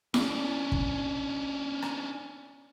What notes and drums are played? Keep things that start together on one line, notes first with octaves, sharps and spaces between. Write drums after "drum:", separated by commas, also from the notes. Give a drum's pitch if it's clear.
C#4 D4, drum: snare E4
drum: kick
drum: rim click